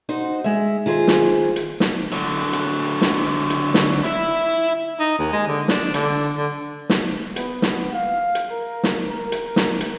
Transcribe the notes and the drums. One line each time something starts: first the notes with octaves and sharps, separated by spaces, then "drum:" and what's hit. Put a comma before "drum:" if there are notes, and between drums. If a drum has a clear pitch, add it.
D#4 F#4 C5
G#3 E5
D#3 F4 G#4 C5
drum: snare
drum: hi-hat
drum: snare
D3 F#3
drum: hi-hat
drum: snare
drum: hi-hat
drum: snare
E4 E5
D#4
D#2
G#3
D3
D4, drum: snare
D3, drum: hi-hat
D3
drum: snare
B3, drum: hi-hat
drum: snare
F5
drum: hi-hat
A#4
drum: snare
A#4
drum: hi-hat
drum: snare
drum: hi-hat